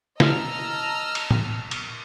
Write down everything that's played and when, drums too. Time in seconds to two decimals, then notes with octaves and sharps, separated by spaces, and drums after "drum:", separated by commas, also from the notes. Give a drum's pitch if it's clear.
0.20 D#5 A5 A#5 E6 F6, drum: snare
1.15 drum: cymbal
1.31 drum: tom A2
1.71 drum: cymbal